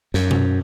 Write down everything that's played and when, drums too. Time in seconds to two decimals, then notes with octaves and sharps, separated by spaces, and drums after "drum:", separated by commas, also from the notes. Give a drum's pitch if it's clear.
0.14 F#2, drum: snare
0.31 drum: tom B2